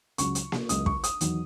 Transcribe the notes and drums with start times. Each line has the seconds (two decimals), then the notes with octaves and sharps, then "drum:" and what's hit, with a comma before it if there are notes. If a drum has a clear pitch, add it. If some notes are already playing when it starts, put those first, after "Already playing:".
0.18 C#2 C#3 F#3 C#6, drum: hi-hat
0.35 drum: hi-hat
0.52 drum: snare A#3
0.69 C#2 C#3 F#3 D#6, drum: hi-hat
0.86 C#6, drum: kick
1.04 D#6, drum: hi-hat
1.21 E2 D#3 F#3, drum: hi-hat